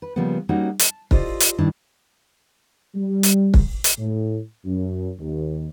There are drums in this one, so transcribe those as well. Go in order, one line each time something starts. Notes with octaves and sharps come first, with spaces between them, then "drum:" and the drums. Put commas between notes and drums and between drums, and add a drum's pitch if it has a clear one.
B4
C#3 F3 G3 A#3 B3
G3 A#3 C#4 D#4 F#4
A5, drum: hi-hat
F4 G4 A4 C5 D5 D#5, drum: kick
drum: hi-hat
G2 D#3 D4 E4
G3
drum: hi-hat
drum: kick
drum: hi-hat
A2
F#2
D#2